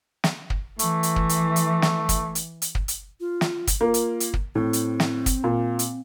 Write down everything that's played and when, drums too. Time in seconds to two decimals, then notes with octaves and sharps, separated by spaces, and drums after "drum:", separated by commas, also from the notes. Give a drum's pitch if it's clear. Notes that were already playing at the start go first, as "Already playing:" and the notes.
0.24 drum: snare
0.50 drum: kick
0.79 E3 A3, drum: hi-hat
1.03 drum: hi-hat
1.16 drum: kick
1.29 drum: hi-hat
1.56 drum: hi-hat
1.82 drum: snare
2.09 drum: kick, hi-hat
2.35 drum: hi-hat
2.62 drum: hi-hat
2.75 drum: kick
2.88 drum: hi-hat
3.20 F4
3.41 drum: snare
3.67 drum: kick, hi-hat
3.81 A#3 F4
3.94 drum: hi-hat
4.20 drum: hi-hat
4.34 drum: kick
4.55 A2 C4
4.73 drum: hi-hat
5.00 drum: snare
5.26 drum: kick, hi-hat
5.44 A#2
5.79 drum: hi-hat